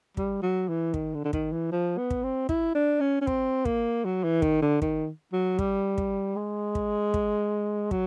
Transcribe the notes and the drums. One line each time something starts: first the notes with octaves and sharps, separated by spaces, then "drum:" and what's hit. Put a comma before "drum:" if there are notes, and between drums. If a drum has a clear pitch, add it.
G3, drum: kick
F#3
E3
D#3, drum: kick
D3
D3
D#3, drum: kick
E3
F3
B3
drum: kick
C4
E4, drum: kick
D4
C#4
C#4
C4, drum: kick
A#3, drum: kick
F#3
E3
D#3, drum: kick
D3
D#3, drum: kick
F#3
G3, drum: kick
drum: kick
G#3
drum: kick
drum: kick
F#3, drum: kick